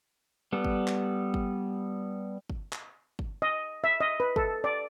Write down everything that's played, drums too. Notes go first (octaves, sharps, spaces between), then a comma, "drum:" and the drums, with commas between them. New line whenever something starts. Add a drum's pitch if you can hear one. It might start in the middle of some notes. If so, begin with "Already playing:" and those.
G3 B3 A4
drum: kick
drum: clap
drum: kick
drum: kick
drum: clap
drum: kick
D#5
E5
D#5
B4
A4, drum: kick
D5